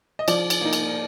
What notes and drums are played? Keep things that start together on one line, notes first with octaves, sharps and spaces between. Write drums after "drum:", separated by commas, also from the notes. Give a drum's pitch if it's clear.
D#5
F3 D5, drum: cymbal
drum: cymbal
A#3 D#4
drum: cymbal